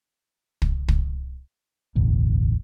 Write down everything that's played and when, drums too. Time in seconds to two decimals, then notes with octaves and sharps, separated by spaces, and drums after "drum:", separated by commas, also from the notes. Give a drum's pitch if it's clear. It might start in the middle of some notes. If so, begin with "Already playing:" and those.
0.62 drum: kick
0.88 drum: kick
1.95 E1 A1 D2